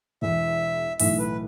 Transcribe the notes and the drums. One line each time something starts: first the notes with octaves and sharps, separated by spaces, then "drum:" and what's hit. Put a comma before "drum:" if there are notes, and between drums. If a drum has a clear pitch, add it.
E1 E2 E3 E5
B1 A2 E3 A3 E4 E5, drum: open hi-hat
B4